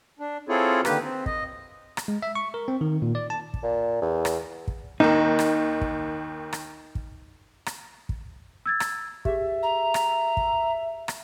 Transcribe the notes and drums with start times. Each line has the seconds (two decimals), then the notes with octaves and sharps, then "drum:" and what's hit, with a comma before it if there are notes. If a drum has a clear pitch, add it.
0.19 D4
0.49 C4 E4 F4 G#4 A4 C#5
0.85 D3 D#3 A#3 G4 B4, drum: rim click
1.03 C4
1.26 D#5, drum: kick
1.97 drum: rim click
2.08 G#3
2.22 E5
2.35 C#6
2.54 A#4
2.68 C4
2.81 D#3
3.02 A#2
3.15 D5
3.30 A5
3.54 drum: kick
3.63 A#2
4.02 E2
4.25 drum: rim click
4.68 drum: kick
5.00 D#2 D#3 D#4
5.39 drum: rim click
5.81 drum: kick
6.53 drum: rim click
6.95 drum: kick
7.66 drum: rim click
8.09 drum: kick
8.66 E6 G#6 A6
8.80 drum: rim click
9.25 G4 G#4 E5, drum: kick
9.63 A#5
9.94 drum: rim click
10.37 drum: kick
11.08 drum: rim click